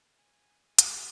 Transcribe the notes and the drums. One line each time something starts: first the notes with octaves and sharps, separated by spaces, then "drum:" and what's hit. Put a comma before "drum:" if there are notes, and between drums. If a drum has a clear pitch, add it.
G#5
F4 G4, drum: hi-hat